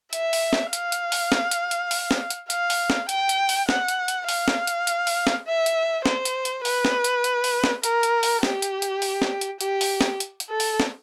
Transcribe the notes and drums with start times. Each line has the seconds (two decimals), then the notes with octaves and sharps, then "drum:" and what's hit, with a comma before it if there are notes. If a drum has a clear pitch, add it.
0.13 E5, drum: hi-hat
0.33 drum: open hi-hat
0.53 drum: snare
0.73 F5, drum: hi-hat
0.92 drum: hi-hat
1.12 drum: open hi-hat
1.32 drum: snare
1.51 drum: hi-hat
1.71 drum: hi-hat
1.91 drum: open hi-hat
2.11 drum: snare
2.30 drum: hi-hat
2.50 F5, drum: hi-hat
2.70 drum: open hi-hat
2.90 drum: snare
3.09 G5, drum: hi-hat
3.29 drum: hi-hat
3.49 drum: open hi-hat
3.69 F#5, drum: snare
3.88 drum: hi-hat
4.08 drum: hi-hat
4.29 F5, drum: open hi-hat
4.48 drum: snare
4.67 drum: hi-hat
4.87 drum: hi-hat
5.07 drum: open hi-hat
5.27 drum: snare
5.47 E5
5.66 drum: hi-hat
6.06 C5, drum: snare
6.25 drum: hi-hat
6.45 drum: hi-hat
6.65 B4, drum: open hi-hat
6.85 drum: snare
7.04 drum: hi-hat
7.24 drum: hi-hat
7.44 drum: open hi-hat
7.64 drum: snare
7.83 A#4, drum: hi-hat
8.03 drum: hi-hat
8.23 drum: open hi-hat
8.43 G4, drum: snare
8.62 drum: hi-hat
8.82 drum: hi-hat
9.02 drum: open hi-hat
9.22 drum: snare
9.41 drum: hi-hat
9.61 G4, drum: hi-hat
9.81 drum: open hi-hat
10.01 drum: snare
10.20 drum: hi-hat
10.40 drum: hi-hat
10.50 A4
10.60 drum: open hi-hat
10.80 drum: snare